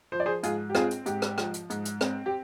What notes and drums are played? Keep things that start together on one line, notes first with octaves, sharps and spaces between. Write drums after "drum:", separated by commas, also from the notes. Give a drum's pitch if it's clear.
F3 C5
D5
G#4 C5
G#2 F4 G#4, drum: hi-hat
G4
C4 F4 G#4, drum: rim click
drum: hi-hat
G#2 G4, drum: hi-hat
drum: rim click
F3, drum: rim click
drum: hi-hat
G#2, drum: hi-hat
drum: hi-hat
C4, drum: rim click
G4